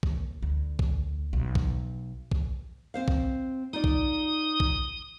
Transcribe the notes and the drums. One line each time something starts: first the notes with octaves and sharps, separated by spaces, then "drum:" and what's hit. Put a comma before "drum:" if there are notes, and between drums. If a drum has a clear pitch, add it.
D#2, drum: kick
D2
drum: kick
B1
drum: kick
drum: kick
C4 C5 F5
drum: kick
D#4 F4 D5 D#6
drum: kick
drum: kick